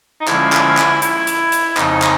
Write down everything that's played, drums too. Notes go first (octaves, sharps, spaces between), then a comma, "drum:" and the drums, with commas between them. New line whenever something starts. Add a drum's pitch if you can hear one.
D#4
D3 F3 G#3 C#4 E4 F4, drum: clap
drum: clap
drum: clap
E4, drum: hi-hat
drum: hi-hat
drum: hi-hat
F2 C#3 F3 D#4, drum: clap
drum: clap